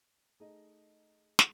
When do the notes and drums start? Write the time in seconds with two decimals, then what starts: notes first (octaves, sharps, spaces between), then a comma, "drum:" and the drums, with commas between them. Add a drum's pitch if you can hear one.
0.40 A3 D#4 G#4 D#5
1.39 G#3, drum: snare